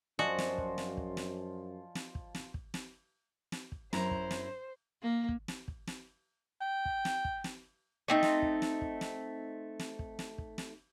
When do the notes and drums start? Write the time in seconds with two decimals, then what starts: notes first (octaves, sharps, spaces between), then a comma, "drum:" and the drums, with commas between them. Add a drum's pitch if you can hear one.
0.19 F#2 F3 F#4 D5 D#5 G#5
0.39 drum: snare
0.58 drum: kick
0.78 drum: snare
0.97 drum: kick
1.17 drum: snare
1.95 drum: snare
2.15 drum: kick
2.35 drum: snare
2.54 drum: kick
2.74 drum: snare
3.52 drum: snare
3.72 drum: kick
3.93 F#2 E4 C5 A#5, drum: snare
4.11 drum: kick
4.31 drum: snare
5.03 A#3
5.29 drum: kick
5.48 drum: snare
5.68 drum: kick
5.87 drum: snare
6.61 G5
6.85 drum: kick
7.05 drum: snare
7.25 drum: kick
7.44 drum: snare
8.08 A3 C4 D#4
8.23 drum: snare
8.42 drum: kick
8.62 drum: snare
8.81 drum: kick
9.01 drum: snare
9.79 drum: snare
9.99 drum: kick
10.19 drum: snare
10.38 drum: kick
10.58 drum: snare